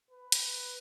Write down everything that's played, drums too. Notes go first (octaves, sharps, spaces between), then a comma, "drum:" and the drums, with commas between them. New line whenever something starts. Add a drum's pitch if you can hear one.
B4
drum: hi-hat